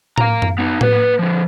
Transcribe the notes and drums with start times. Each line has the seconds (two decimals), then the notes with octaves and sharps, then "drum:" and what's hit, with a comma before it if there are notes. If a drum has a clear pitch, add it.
0.18 F5 A#5, drum: tom A2
0.42 drum: tom F#2
0.59 B3 D#4
0.81 A#3 B4, drum: tom A2
1.19 D3 F3